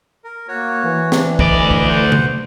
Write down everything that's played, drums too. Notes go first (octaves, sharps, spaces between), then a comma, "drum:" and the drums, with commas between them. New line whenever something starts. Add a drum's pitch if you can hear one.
A#4
A#3 F#4 C#5
E3
D4, drum: snare
D2 D5 D#5 A#5 B5, drum: kick
drum: kick
C5 F#5
drum: tom C3